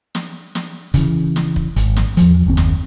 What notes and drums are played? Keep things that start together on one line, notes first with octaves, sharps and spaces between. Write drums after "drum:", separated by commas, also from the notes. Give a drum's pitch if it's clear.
drum: snare
drum: snare
C#3 E3, drum: kick, hi-hat
drum: snare
drum: kick
G#1, drum: hi-hat
drum: snare
E2 F3, drum: hi-hat
F#1 D#2 C4
drum: snare